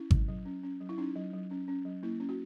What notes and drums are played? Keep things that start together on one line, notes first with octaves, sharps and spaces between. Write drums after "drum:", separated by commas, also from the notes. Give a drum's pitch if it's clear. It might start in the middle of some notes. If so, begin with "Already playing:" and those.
Already playing: C#4 E4
F#3, drum: kick G#1
F#3
C#4
C#4
F#3
E4
C#4 D#4
F#3
F#3
C#4
C#4
F#3
A#3 E4
C#4
F#4